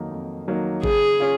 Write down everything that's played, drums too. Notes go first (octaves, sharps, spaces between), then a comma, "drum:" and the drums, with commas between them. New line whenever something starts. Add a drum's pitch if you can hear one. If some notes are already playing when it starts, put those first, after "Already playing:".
Already playing: F2 D#3 F#3 A#3 D#4
F2
D#3 F#3 A#3 D#4
C#3 G#4, drum: kick G#1
C#4 F4